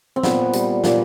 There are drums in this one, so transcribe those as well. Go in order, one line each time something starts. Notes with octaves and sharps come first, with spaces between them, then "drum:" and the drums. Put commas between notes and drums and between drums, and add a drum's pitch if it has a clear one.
C4
A#2 B3, drum: snare
G3, drum: hi-hat
A#2, drum: snare